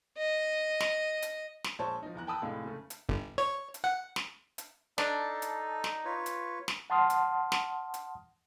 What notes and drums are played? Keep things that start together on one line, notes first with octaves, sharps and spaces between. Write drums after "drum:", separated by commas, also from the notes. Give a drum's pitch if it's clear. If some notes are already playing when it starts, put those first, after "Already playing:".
D#5
drum: snare
drum: hi-hat
drum: snare
A#1 G#3 C5 C#5 A5
F3 D#4
E2 A#5 F#6
G5 A5 B5 D#6 E6
F1 A2 G#3 D#4 F5
C#3 A3
drum: hi-hat
G1
C#5
drum: hi-hat
F#5
drum: snare
drum: hi-hat
D4 D#4 A4, drum: snare
drum: hi-hat
drum: snare
F4 B4 C#5
drum: hi-hat
drum: snare
F#5 A5 C6 D#6 F6
drum: hi-hat
drum: snare
drum: hi-hat